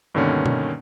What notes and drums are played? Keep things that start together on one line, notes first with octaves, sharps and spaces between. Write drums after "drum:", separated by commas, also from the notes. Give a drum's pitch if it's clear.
G2 B2 D3 D#3 A#3 C#4
drum: tom